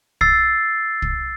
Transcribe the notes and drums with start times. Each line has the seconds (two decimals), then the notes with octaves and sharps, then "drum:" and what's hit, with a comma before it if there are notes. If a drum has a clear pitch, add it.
0.21 E6 A6 C7, drum: kick
1.02 drum: kick